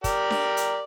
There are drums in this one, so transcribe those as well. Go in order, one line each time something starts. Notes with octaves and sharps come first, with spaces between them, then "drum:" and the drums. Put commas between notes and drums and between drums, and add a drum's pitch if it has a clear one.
G4 A#4 D5, drum: kick, hi-hat
drum: snare D4
drum: hi-hat